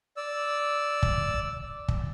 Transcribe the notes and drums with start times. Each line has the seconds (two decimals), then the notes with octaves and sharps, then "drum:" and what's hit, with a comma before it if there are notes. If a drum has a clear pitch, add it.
0.17 D5 E6
1.03 drum: kick
1.88 drum: kick